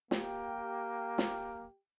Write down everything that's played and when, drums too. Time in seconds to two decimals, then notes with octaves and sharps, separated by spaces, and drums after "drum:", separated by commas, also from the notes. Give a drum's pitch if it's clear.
0.11 A#3 G4 G5, drum: snare
1.18 drum: snare